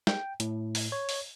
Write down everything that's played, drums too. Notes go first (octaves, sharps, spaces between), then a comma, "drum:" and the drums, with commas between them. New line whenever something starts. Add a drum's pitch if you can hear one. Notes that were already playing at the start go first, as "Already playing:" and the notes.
G5, drum: snare
A2, drum: hi-hat
drum: open hi-hat
C#5
drum: open hi-hat